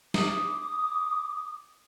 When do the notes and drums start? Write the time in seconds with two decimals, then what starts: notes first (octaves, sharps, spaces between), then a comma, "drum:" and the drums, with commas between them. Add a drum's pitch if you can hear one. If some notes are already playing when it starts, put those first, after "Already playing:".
0.14 D6 D#6, drum: snare